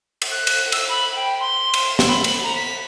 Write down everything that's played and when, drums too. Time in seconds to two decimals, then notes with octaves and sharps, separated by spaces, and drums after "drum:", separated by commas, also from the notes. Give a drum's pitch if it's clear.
0.22 drum: cymbal
0.32 F#6
0.47 drum: cymbal
0.72 E6, drum: cymbal
0.89 B5
1.16 G5
1.40 C6
1.74 drum: cymbal
1.99 drum: snare
2.08 B5
2.24 drum: cymbal
2.44 A#5
2.56 B6